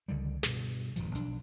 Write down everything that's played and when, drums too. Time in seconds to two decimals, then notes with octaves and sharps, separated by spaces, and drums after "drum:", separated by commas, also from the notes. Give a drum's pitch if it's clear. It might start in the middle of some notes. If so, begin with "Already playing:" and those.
0.08 C#2 D3 D#3 G3
0.43 G2 B2, drum: snare
0.96 D#1 G2 F3, drum: hi-hat
1.15 B1 D4, drum: hi-hat